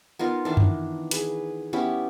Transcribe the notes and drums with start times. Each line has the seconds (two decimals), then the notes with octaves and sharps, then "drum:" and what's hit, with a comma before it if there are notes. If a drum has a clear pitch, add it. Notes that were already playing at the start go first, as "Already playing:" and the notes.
0.19 B3 D#4 F4 A#4
0.45 D#3 E3 D4
0.57 drum: tom F#2
1.11 G#4 B4, drum: hi-hat
1.73 B3 C#4 E4 G4